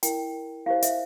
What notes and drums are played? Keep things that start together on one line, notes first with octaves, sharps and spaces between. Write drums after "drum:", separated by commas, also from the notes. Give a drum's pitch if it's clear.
E4 A#4 G5, drum: hi-hat
E4 G4 C5 F5
E5, drum: hi-hat